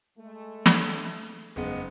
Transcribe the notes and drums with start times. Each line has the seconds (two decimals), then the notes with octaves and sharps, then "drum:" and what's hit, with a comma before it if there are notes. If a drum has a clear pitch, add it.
0.18 G#3 A3
0.66 drum: snare
1.56 F#1 G#3 B3 D#4